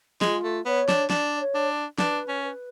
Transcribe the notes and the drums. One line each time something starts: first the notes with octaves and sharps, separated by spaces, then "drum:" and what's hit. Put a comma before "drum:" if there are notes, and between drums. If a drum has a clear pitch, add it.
G#3 F4, drum: snare
A3
B3 C#5
D4, drum: snare
D4 D5, drum: snare
C#5
D4
D4 B4, drum: snare
C#4
B4